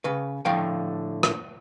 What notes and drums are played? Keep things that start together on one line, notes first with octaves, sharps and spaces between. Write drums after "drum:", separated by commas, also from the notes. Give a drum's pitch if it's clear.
C#3 B4
A2 D3 F3 F5 G5
drum: rim click